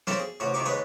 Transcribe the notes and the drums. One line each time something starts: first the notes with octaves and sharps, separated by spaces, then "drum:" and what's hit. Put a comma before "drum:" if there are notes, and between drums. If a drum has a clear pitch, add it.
A#3 C4 A4 A#4 C#5 E5, drum: snare
G#4
A1 C3 F#4 C#5
C3 D#3 A#3 C#6 D6
D#2 G#3 B4 C#5 G#5 D#6